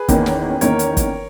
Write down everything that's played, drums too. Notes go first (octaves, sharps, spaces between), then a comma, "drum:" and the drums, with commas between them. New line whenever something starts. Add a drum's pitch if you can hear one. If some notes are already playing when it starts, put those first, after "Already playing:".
Already playing: G#4 B4
E2 D#3 A#3 C#4, drum: kick, hi-hat
drum: snare
E2 D#3 A#3 C#4 A#4 C#5, drum: hi-hat
drum: hi-hat
drum: kick, hi-hat